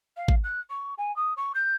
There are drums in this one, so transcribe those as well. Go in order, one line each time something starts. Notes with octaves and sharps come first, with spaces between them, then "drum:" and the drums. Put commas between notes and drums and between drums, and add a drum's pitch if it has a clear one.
F5
drum: kick G#1
F#6
C#6
G#5
D#6
C#6
G6